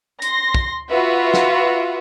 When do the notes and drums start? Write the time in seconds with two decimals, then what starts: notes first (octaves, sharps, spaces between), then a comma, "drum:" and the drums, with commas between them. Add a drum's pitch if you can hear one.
0.22 C6 A#6, drum: hi-hat
0.54 drum: kick
0.91 F4 F#4 B4 E5
1.34 drum: snare